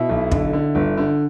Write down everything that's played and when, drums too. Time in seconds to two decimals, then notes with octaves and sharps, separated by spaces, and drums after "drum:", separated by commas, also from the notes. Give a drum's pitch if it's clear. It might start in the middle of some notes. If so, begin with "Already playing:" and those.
Already playing: B2 E4 E5
0.09 B1
0.32 D3, drum: kick
0.53 D3
0.75 G1
0.97 D3